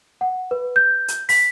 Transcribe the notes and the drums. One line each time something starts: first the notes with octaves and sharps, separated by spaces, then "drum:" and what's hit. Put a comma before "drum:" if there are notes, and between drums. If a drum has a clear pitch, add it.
F#5
B4
G6
drum: hi-hat
B6, drum: open hi-hat